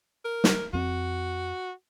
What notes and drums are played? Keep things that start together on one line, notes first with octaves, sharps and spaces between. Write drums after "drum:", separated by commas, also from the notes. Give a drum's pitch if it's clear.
A#4
drum: snare
F2 C4 F#4